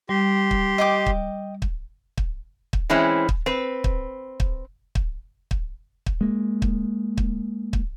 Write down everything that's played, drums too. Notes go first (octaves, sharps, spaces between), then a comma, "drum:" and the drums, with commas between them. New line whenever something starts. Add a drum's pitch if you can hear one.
G3 G4 C6
drum: kick
D#5 G5 D6
drum: kick
drum: kick
drum: kick
drum: kick
E3 G#3 C4 C#4 E4
drum: kick
C4 B4
drum: kick
drum: kick
drum: kick
drum: kick
drum: kick
G#3 A#3
drum: kick
drum: kick
drum: kick